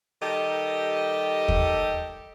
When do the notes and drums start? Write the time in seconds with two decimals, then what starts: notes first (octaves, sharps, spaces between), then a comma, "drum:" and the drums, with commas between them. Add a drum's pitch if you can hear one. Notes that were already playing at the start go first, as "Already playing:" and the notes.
0.22 D#3 G3 G4 A4 D#5
1.48 drum: kick